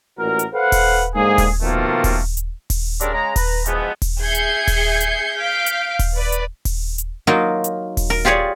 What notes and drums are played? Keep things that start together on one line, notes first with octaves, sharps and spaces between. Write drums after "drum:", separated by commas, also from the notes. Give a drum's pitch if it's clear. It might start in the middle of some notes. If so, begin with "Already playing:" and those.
A1 A#2 F#4 A#4
drum: hi-hat
A4 B4 C5 F5 F#5
drum: kick D#1, open hi-hat
G#2 D3 A#3 G#4
drum: kick D#1, open hi-hat
B2 D#3 F3 A3 A#3 F4
drum: kick D#1, open hi-hat
drum: hi-hat
drum: kick D#1, open hi-hat
C#3 G3 C4 D4 A#4, drum: hi-hat
C#3 G#3 A#5
B4 A#5, drum: kick D#1, open hi-hat
G#2 B2 E3 F3 G#3 B3, drum: hi-hat
drum: kick D#1, open hi-hat
G#4 E5 G6 G#6 C7 C#7
drum: hi-hat
drum: kick D#1, open hi-hat
drum: hi-hat
F5 G6 B6 D7
drum: hi-hat
drum: kick D#1, open hi-hat
B4 D5
drum: hi-hat
drum: kick D#1, open hi-hat
drum: hi-hat
F#3 A#3 D#4 F4 A#4
drum: hi-hat
drum: kick D#1, open hi-hat
A#4
F4 G4 G#4 C#5 D5